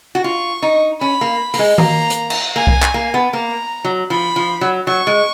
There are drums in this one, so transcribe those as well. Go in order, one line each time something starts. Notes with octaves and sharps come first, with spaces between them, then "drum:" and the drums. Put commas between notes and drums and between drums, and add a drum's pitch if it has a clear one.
F#4
F4 C#6
D#4
C#4 B5
A#3
A#3, drum: open hi-hat
G#3
A#3 A#5, drum: tom D#3
drum: hi-hat
drum: cymbal
A#3 G#5
drum: kick C2
drum: clap
A#3
B3
A#3 A#5
F#3
F3 B5
F3
F#3
F#3 C#6
G#3